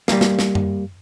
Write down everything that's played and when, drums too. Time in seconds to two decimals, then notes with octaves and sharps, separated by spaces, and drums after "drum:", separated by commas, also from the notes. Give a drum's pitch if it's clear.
0.08 G3 A#3, drum: snare
0.21 drum: snare
0.39 drum: snare
0.55 drum: tom F#2